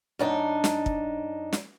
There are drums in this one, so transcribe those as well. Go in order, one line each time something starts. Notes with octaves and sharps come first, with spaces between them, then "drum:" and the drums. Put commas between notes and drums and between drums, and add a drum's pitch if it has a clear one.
F#2 D4 D#4
drum: snare
drum: kick
drum: snare